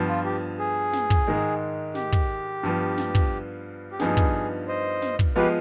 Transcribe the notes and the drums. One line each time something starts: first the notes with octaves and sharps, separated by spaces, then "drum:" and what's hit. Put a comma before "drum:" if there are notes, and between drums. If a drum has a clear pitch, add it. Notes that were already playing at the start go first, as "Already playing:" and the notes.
Already playing: G2 F3 B3
F4
G4
G#4
drum: snare
drum: kick
G#2 D#3 G#3
G4, drum: snare
drum: kick
G2 F3 B3
drum: snare
drum: kick
G4
G2 F3 B3 D#4 G#4, drum: snare
drum: kick
C5 D#5
drum: snare
drum: kick
F3 G#3 B3 F4 G4 B4